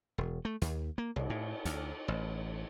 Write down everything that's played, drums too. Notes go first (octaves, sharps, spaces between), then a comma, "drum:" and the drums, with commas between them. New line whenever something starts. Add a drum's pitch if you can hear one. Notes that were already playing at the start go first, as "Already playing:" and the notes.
E1
A3
D#2, drum: hi-hat
A#3
C2, drum: cymbal
A2
D2, drum: hi-hat
A1